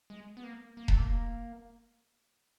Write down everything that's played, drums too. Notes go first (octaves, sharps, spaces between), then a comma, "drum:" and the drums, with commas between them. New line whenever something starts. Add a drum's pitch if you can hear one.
G#3
B3
A#3
A#3
A3, drum: kick E1
A#3